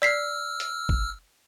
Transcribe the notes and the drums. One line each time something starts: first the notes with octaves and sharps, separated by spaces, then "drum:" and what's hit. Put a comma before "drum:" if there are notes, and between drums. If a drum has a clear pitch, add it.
D5 E6 F6 B6 C7
drum: hi-hat
drum: kick